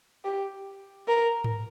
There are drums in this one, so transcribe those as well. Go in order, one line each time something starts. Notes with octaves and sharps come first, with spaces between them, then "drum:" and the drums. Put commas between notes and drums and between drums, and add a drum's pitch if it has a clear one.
G4
A#4
drum: tom G#2